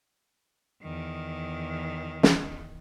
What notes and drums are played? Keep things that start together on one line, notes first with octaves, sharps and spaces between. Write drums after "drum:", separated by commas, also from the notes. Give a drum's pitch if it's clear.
E2 D#3
drum: snare